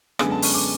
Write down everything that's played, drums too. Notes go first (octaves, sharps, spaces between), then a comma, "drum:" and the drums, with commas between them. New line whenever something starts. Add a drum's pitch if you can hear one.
F#2 D3 G#3 B3 G#5, drum: rim click
A5
C#6, drum: open hi-hat
D6